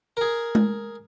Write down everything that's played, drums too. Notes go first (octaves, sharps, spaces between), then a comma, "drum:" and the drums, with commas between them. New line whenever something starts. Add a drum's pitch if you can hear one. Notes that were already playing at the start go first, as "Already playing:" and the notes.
G#4 A#4
drum: tom G#3